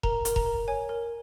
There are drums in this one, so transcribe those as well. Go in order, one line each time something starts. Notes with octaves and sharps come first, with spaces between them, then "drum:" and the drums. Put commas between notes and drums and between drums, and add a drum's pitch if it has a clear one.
A#4 A#5, drum: kick E1
A#4, drum: hi-hat
A#5, drum: kick E1
A#4
C#5 G#5
A#4